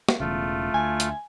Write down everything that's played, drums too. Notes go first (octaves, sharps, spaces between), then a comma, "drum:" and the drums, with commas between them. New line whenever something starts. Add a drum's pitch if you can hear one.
drum: snare
E1 E2 C#3 A3 F4
D2 G#5
drum: hi-hat